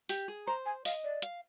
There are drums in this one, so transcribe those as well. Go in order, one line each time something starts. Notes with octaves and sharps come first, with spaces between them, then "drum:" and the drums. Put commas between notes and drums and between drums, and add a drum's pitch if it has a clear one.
G4, drum: open hi-hat
G#4
C5 A#5
G#5
D#5 F5, drum: open hi-hat
D5
F5, drum: hi-hat